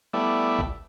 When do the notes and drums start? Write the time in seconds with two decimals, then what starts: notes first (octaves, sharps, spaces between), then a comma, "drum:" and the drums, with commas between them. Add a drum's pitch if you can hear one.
0.13 G3 A3 B3 E4 D5 E5
0.59 drum: kick